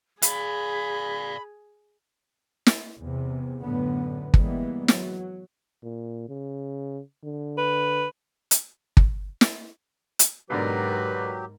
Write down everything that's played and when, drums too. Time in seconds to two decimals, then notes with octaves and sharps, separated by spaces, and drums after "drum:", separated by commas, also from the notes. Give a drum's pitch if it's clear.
0.22 G#4 D5 F5 B5, drum: hi-hat
2.66 drum: snare
2.99 E2 C3
3.63 F#2 A2 D3 B3
4.34 E3 G3 G#3 A#3 B3, drum: kick
4.88 F#3, drum: snare
5.83 A#2
6.29 C#3
7.24 D3
7.58 B4
8.51 drum: hi-hat
8.97 drum: kick
9.41 drum: snare
10.19 drum: hi-hat
10.50 G#2 B2 D3 F#3 G4 A#4 B4 D5